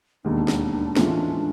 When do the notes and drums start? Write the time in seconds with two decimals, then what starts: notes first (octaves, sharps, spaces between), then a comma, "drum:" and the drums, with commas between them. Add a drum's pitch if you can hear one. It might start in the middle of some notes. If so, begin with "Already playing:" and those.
0.25 E1 D#2 D#3 D4
0.48 drum: snare
0.96 A2 E3 G#3 C#4 F4, drum: snare